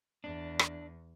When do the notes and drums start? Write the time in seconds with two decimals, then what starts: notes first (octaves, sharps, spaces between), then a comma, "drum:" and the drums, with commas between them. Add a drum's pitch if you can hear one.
0.24 E2 D4
0.59 drum: rim click